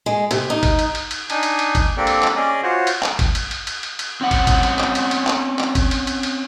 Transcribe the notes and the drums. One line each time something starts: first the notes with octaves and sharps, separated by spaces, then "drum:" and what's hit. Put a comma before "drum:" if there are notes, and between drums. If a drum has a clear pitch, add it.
G#3
C3, drum: cymbal
D#4
drum: kick, cymbal
drum: cymbal
drum: cymbal
drum: cymbal
D4 D#4 G#5, drum: cymbal
drum: cymbal
drum: cymbal
drum: kick, cymbal
A#3 C4 D4 G4 A4 D5
drum: cymbal
drum: clap
C#4 G#4 D5 D#5
F4 F#4 C5 C#5
drum: cymbal
drum: clap
drum: kick, cymbal
drum: cymbal
drum: cymbal
drum: cymbal
drum: cymbal
drum: cymbal
C4 C#4 F#5
drum: kick, cymbal
drum: kick, cymbal
drum: cymbal
drum: clap
drum: cymbal
drum: cymbal
drum: clap
drum: clap
drum: kick, cymbal
drum: cymbal
drum: cymbal
drum: cymbal